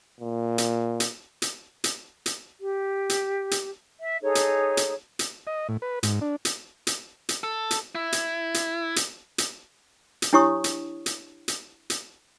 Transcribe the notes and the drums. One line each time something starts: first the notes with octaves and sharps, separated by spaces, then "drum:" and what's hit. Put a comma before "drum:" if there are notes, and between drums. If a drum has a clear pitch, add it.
A#2
drum: hi-hat
drum: hi-hat
drum: hi-hat
drum: hi-hat
drum: hi-hat
G4
drum: hi-hat
drum: hi-hat
E5
D#4 G#4 A4 C#5
drum: hi-hat
drum: hi-hat
drum: hi-hat
D#5
A2
B4
G#2, drum: hi-hat
D4
drum: hi-hat
drum: hi-hat
drum: hi-hat
A4
drum: hi-hat
E4
drum: hi-hat
drum: hi-hat
drum: hi-hat
drum: hi-hat
drum: hi-hat
D4 E4 G4 C#5 C#6 D#6
drum: hi-hat
drum: hi-hat
drum: hi-hat
drum: hi-hat